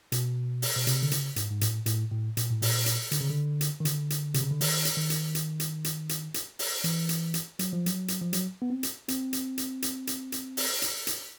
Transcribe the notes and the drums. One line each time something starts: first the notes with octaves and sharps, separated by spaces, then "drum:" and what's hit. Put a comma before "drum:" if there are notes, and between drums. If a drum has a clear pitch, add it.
B2, drum: hi-hat
drum: open hi-hat
B2
C3, drum: hi-hat
D3
C#3, drum: hi-hat
G#2, drum: hi-hat
G#2
A2, drum: hi-hat
A2, drum: hi-hat
A2
A#2, drum: hi-hat
A2
A#2, drum: open hi-hat
drum: hi-hat
D3, drum: hi-hat
C#3
D3
drum: hi-hat
D#3
D3, drum: hi-hat
drum: hi-hat
C3, drum: hi-hat
C#3
D3
D#3, drum: open hi-hat
drum: hi-hat
D#3
drum: hi-hat
drum: hi-hat
drum: hi-hat
drum: hi-hat
drum: hi-hat
drum: hi-hat
drum: open hi-hat
E3, drum: hi-hat
drum: hi-hat
drum: hi-hat
F#3, drum: hi-hat
F3
F#3, drum: hi-hat
drum: hi-hat
F3
F#3, drum: hi-hat
B3
C4
drum: hi-hat
C4, drum: hi-hat
drum: hi-hat
drum: hi-hat
drum: hi-hat
drum: hi-hat
drum: hi-hat
drum: open hi-hat
drum: hi-hat
drum: hi-hat